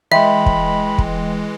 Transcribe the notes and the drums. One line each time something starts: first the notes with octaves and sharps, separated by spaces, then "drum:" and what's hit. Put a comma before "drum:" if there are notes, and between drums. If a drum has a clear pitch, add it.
E3 G#3 D#5 E5 G5 B5 C6
drum: kick
drum: kick